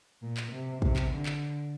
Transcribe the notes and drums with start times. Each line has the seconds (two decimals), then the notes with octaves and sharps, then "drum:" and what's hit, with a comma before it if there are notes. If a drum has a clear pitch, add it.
0.22 A#2
0.37 drum: clap
0.52 C3
0.82 C3, drum: kick
0.96 drum: clap
1.11 D3
1.26 drum: clap